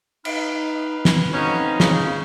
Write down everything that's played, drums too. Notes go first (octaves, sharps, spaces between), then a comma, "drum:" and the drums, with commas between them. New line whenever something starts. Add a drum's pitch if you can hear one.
D#4 B4 F5, drum: cymbal
drum: snare
D2 B2 C4 C#4 D#4
C#3, drum: snare